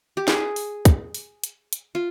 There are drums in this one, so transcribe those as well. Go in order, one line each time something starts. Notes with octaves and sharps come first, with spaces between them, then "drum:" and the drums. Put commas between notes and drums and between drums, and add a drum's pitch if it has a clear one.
G4
G#4, drum: snare
drum: open hi-hat
drum: kick, hi-hat
drum: open hi-hat
drum: hi-hat
drum: hi-hat
F4